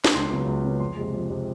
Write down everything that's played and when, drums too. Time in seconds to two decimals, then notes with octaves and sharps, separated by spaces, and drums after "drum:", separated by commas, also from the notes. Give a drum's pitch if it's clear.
0.05 drum: snare
0.15 C#2 C6
0.31 C#3 F#3 B3
0.47 C#2
0.64 C#3 F#3 B3
0.80 F2 C6
0.96 C3 F3 G#3
1.14 F2
1.30 C3 F3 G#3